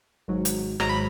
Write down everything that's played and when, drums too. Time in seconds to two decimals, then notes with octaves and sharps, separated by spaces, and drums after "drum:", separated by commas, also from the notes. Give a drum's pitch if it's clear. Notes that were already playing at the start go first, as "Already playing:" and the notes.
0.28 G#1 G#2 F#3
0.45 drum: hi-hat
0.80 G#1 G#2 F#3 A#5, drum: rim click
0.89 B5